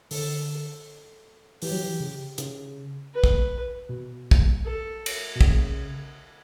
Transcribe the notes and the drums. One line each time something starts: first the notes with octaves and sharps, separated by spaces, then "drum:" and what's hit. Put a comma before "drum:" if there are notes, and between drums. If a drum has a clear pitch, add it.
D3 A4, drum: open hi-hat
E3 G4, drum: open hi-hat
F#3
E3
C#3
C#3, drum: hi-hat
B4
drum: kick
B2
drum: kick
A4
drum: cymbal
B2
C#3, drum: kick